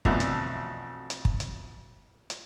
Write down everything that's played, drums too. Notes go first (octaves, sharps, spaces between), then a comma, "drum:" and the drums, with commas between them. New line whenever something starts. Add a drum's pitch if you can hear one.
B1 F2 B2 D3 E3 A3, drum: kick
drum: hi-hat
drum: hi-hat
drum: kick
drum: hi-hat
drum: hi-hat